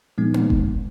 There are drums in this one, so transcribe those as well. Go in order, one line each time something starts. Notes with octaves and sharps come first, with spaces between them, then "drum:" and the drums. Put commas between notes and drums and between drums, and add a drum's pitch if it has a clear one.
A#2 F3 G#3 B3 D#4
drum: tom A#3
drum: kick F1